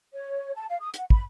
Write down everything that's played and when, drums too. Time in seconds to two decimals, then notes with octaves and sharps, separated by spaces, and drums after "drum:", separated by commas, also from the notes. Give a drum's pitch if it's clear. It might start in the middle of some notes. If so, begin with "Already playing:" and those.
0.14 C#5
0.54 A5
0.69 F5
0.80 D#6
0.94 F#5, drum: hi-hat
1.10 B5, drum: kick